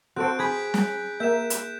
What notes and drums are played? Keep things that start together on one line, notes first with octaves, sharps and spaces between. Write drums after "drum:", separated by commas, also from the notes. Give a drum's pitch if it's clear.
C4 F#4 A4 C5 F#6 D7
G#4 B5 G6 G#6 B6
drum: snare
A#3 E5 G6 E7
drum: hi-hat